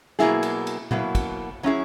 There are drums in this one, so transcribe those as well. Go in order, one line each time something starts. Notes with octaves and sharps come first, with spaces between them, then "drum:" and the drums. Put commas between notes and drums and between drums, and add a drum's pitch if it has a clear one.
B2 F#3 A#3 E4 G#4, drum: snare
drum: cymbal
drum: cymbal
B2 F#3 A#3 E4, drum: tom A#2
drum: kick, cymbal
F#3 C#4 E4 G#4